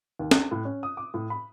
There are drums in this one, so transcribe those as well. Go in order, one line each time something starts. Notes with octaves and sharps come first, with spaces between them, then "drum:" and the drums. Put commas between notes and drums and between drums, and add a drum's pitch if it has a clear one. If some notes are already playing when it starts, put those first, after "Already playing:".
D#2
F#6, drum: snare
A2
C#4
D#6
D6
A2
B5